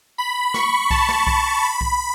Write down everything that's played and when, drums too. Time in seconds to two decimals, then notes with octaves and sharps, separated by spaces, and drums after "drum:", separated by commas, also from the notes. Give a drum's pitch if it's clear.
0.18 B5
0.54 C#6, drum: snare
0.91 A5, drum: kick B1
1.08 drum: snare
1.27 B5, drum: kick B1
1.63 B5
1.81 drum: kick B1